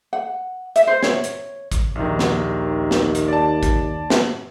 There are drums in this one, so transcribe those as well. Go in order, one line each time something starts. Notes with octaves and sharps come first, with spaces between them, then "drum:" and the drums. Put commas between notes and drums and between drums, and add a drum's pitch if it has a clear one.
F#5
E5, drum: hi-hat
C5
C#5, drum: snare
drum: hi-hat
drum: kick A1, hi-hat
A#1 D#2 D#3
drum: snare
drum: snare
drum: hi-hat
D5 A5
drum: kick A1, hi-hat
drum: snare